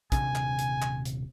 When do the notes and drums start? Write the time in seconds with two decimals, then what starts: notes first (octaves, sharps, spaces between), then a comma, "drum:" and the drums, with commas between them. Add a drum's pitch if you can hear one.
0.12 D#1 C3 D4 G#5, drum: kick, hi-hat
0.35 drum: clap
0.59 drum: hi-hat
0.82 drum: clap
1.05 drum: hi-hat